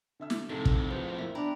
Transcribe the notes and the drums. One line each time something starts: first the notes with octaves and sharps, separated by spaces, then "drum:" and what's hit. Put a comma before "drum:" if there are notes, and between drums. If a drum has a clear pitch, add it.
D3 E5 E6
drum: snare
F2 A2 C3 G#3 C4 D#4 A4
drum: kick
F4 G#4 B4 C5
E3 A#3 E5
B2 D4 G5 A#5 B5